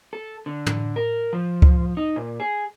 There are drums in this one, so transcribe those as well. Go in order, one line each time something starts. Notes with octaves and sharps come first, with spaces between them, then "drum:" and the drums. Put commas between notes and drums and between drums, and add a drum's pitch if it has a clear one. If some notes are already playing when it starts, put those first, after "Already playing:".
A4
D3
drum: tom
A#4
F3
drum: kick C#2
D#4
A#2
G#4